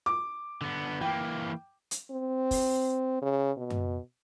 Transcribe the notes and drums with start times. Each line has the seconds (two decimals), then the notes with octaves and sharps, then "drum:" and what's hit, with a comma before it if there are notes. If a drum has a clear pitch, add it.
0.06 D6
0.61 D3 B3
1.01 E3 A#3 G5
1.91 drum: hi-hat
2.11 C4
2.51 drum: kick, open hi-hat
3.22 C#3
3.57 B2
3.70 drum: tom F#2